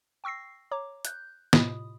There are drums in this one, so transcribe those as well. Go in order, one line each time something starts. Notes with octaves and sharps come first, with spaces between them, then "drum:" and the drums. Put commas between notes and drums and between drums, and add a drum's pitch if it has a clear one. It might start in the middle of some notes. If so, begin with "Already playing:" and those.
G5 C#6 E6 A#6 C7
C#5 A#5 D6
F#6 G6, drum: hi-hat
A2 C3 F4 D#5 B5 D#6, drum: snare